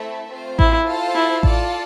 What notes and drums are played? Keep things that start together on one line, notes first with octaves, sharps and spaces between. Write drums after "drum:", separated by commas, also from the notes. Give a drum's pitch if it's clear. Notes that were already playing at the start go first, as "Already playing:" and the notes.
Already playing: A3 C4 E4 A4 E5
A3 C4 F4 C5
E4, drum: kick A1
F4 A4 C5 F5 A5
E4
F4 A4 D5 A5, drum: kick A1